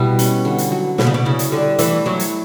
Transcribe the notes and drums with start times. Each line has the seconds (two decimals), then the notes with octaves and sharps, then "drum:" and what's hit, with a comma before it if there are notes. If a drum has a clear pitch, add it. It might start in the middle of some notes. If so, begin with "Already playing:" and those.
Already playing: B2 G3 E4
0.19 C#4, drum: hi-hat
0.45 D3
0.58 drum: hi-hat
0.72 F#3
0.98 B2 B3, drum: snare
1.07 C#3
1.14 B2
1.25 C#3 E4
1.39 drum: hi-hat
1.52 D3 G3
1.79 E3 A3, drum: hi-hat
2.06 F#3 E4
2.20 drum: hi-hat